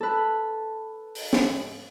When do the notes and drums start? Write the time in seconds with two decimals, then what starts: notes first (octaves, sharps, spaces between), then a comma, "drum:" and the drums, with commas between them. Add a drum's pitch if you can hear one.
0.01 A4 B4
1.15 drum: open hi-hat
1.33 drum: snare